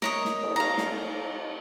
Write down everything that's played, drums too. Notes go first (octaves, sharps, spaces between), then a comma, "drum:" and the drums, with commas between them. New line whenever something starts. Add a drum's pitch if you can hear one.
A#4 C#5 D#5, drum: snare
drum: snare
drum: cymbal
F5 A#5
drum: snare